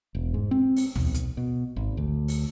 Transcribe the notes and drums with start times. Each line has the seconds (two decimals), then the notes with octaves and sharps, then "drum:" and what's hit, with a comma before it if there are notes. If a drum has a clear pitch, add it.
0.15 E1
0.34 G#2
0.51 C4
0.77 drum: open hi-hat
0.95 B1, drum: tom D2
1.14 drum: hi-hat
1.37 B2
1.76 G#1
1.97 D2
2.28 drum: open hi-hat